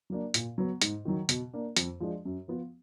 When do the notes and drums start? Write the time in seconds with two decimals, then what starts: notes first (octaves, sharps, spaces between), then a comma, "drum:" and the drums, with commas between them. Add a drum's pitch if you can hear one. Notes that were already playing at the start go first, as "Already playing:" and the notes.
0.10 F#3 A#3 D4
0.34 A#2, drum: hi-hat
0.58 F#3 B3
0.82 G#2, drum: hi-hat
1.05 D#3 F#3
1.29 B2, drum: hi-hat
1.53 A#3 D4
1.77 F2, drum: hi-hat
2.00 F3 G#3 D4
2.25 F#2
2.48 F3 B3 F4